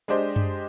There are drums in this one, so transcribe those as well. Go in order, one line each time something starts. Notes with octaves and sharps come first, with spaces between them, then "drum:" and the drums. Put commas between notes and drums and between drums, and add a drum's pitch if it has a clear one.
G#3 D4 G4 C5 D#5
drum: tom F#2